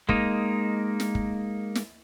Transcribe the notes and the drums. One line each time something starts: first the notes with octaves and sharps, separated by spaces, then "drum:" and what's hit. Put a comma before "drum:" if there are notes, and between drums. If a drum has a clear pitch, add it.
G#3 A#3 D#4, drum: kick
drum: snare
drum: kick
drum: snare